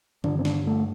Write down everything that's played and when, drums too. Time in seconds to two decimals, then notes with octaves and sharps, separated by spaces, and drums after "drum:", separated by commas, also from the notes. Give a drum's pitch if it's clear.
0.24 G2 D3 D4, drum: tom D#3
0.39 C4
0.45 D4, drum: snare
0.67 A3